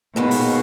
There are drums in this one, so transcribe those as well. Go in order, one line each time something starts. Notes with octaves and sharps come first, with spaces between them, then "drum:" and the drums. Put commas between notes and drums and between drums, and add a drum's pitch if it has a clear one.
D#2 B2 D#3 G#3 B3
drum: open hi-hat